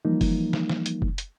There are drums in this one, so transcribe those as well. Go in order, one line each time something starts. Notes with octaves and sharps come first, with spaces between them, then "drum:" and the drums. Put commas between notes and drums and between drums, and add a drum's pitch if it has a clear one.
E3 F3 G3 A#3 D#4
drum: kick F1, open hi-hat
drum: snare
drum: snare
drum: hi-hat
drum: kick F1
drum: hi-hat